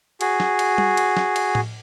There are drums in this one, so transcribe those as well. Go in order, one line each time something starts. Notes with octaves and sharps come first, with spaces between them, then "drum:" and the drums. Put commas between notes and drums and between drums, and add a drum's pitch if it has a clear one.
F#4 G#4, drum: cymbal
drum: snare
drum: cymbal
drum: tom G3
drum: cymbal
drum: snare
drum: cymbal
drum: tom A2